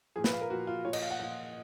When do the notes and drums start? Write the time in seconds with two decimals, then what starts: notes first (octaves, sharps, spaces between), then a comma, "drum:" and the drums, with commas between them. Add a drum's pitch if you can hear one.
0.16 A#2 F3 G#4
0.24 B4, drum: snare
0.33 F5
0.41 A#4
0.50 A#2 F3 F#4
0.67 F4
0.85 A#2 F3 C#5
0.93 D#5, drum: cymbal
1.02 F5
1.11 F#5
1.19 A#2 F3 F5